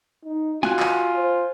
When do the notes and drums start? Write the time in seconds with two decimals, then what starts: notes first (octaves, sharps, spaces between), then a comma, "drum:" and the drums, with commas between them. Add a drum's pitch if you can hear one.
0.25 D#4
0.63 F4 F#4 G#5 F#6, drum: snare
0.80 drum: clap
1.16 C5